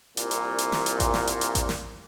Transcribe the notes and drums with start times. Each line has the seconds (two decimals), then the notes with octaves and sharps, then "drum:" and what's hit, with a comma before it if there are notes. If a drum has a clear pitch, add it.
0.17 C2 A#2, drum: hi-hat
0.31 drum: hi-hat
0.58 drum: hi-hat
0.72 drum: snare
0.86 drum: hi-hat
1.00 drum: kick A1, hi-hat
1.14 drum: snare
1.27 drum: hi-hat
1.41 drum: hi-hat
1.55 drum: kick A1, hi-hat
1.69 drum: snare